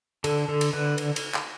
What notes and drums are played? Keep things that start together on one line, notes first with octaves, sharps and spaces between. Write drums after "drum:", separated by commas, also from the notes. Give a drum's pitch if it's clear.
D3 A4, drum: cymbal
D3 A4
drum: cymbal
D3 B4
drum: cymbal
drum: cymbal
drum: clap